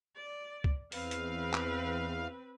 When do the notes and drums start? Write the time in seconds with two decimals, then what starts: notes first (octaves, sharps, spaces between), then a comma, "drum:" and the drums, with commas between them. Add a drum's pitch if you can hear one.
0.16 D5
0.64 drum: kick
0.92 E2 C4 B4 F5, drum: open hi-hat
1.11 drum: hi-hat
1.53 drum: clap